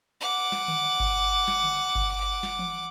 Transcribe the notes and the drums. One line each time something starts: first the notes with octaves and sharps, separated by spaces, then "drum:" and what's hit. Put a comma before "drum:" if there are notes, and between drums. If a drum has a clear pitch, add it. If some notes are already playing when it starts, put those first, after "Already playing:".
F#5 D6
drum: snare
drum: tom D3
drum: kick G1
drum: snare
drum: tom D3
drum: kick G1
drum: snare
drum: tom E3